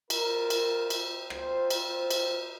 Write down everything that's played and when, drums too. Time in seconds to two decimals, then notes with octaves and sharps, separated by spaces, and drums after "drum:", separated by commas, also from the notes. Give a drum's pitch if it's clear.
0.10 C4 F4 A#4, drum: cymbal
0.50 drum: cymbal
0.90 drum: cymbal
1.30 C4 F4 C5, drum: rim click
1.70 drum: cymbal
1.91 C5
2.11 drum: cymbal